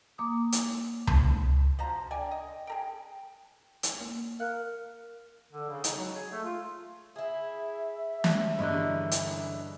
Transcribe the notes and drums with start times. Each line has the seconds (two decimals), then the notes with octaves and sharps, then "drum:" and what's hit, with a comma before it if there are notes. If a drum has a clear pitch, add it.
0.18 A#3 D6 D#6
0.52 drum: hi-hat
1.07 drum: tom C#2
1.79 F3 F#4 C5 A#5
2.11 D3 D5 G5 G#5
2.31 D#5
2.67 G#4 A#4 G5
3.83 drum: hi-hat
4.01 A#3
4.40 A#4 F5 F#6 C#7
5.52 D3
5.69 C#3
5.84 D#4, drum: hi-hat
5.96 F#3
6.16 G#4
6.31 A3
6.44 F4
7.16 E4 G#4 E5
8.24 drum: snare
8.59 G2 D3 E3 G#3 C#4 D#4
9.12 drum: hi-hat